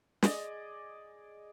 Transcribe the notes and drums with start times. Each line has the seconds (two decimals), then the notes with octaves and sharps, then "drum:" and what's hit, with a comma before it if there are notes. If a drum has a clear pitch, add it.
0.23 G#4 D5 D#5 G#5, drum: snare